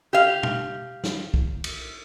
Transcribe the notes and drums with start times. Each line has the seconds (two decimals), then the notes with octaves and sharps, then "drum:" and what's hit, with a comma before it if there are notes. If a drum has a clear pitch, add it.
0.13 G4 F5
0.43 drum: tom
1.04 drum: snare
1.34 drum: kick
1.64 drum: cymbal